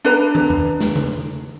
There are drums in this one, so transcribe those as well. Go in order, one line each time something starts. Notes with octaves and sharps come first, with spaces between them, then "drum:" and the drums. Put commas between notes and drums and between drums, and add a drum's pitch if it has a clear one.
D4 B4 A#5
drum: tom
drum: tom E2
drum: snare
drum: tom C#3